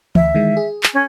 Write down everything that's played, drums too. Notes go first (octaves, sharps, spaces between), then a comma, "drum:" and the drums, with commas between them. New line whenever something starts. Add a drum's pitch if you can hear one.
D2 E5, drum: tom E3
D#3 E3 G#3
G#4
drum: clap
C#4